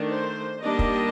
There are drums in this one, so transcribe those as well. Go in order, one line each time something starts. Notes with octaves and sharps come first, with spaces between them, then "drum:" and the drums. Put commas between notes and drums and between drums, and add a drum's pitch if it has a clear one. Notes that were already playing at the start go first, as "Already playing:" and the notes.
Already playing: D#3 A3 D4
C5
D#3 G3 A#3 D4 D#5
drum: kick